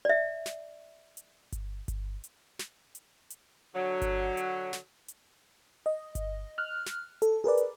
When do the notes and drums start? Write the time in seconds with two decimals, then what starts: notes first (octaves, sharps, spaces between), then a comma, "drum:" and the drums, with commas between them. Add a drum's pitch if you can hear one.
0.05 D5 E5
0.46 drum: snare
1.17 drum: hi-hat
1.52 drum: kick G1, hi-hat
1.88 drum: kick G1, hi-hat
2.24 drum: hi-hat
2.59 drum: snare
2.95 drum: hi-hat
3.30 drum: hi-hat
3.74 D3 F#3
4.02 drum: kick G1, hi-hat
4.37 drum: hi-hat
4.73 drum: snare
5.08 drum: hi-hat
5.86 D#5
6.15 drum: kick G1, hi-hat
6.58 F6 F#6
6.86 drum: snare
7.22 A4, drum: hi-hat
7.44 G#4 A#4 B4 D5
7.57 drum: hi-hat